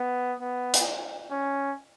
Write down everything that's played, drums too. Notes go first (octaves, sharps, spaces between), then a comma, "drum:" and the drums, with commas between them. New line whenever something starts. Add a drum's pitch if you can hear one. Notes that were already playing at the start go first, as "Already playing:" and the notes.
Already playing: B3
B3
drum: hi-hat
C#4